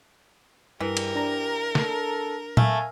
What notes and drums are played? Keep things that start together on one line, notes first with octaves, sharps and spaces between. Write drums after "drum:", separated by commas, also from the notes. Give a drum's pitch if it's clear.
G2 E3 G4 A#4
drum: cymbal
D4 A#5
A4, drum: snare
A3 E5 F5 G#5, drum: tom A#2